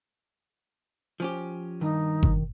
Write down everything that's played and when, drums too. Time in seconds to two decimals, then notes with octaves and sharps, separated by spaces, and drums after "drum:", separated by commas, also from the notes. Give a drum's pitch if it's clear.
1.20 F3 C#4 G4
1.81 G2 D#3 D#4
2.23 drum: kick G1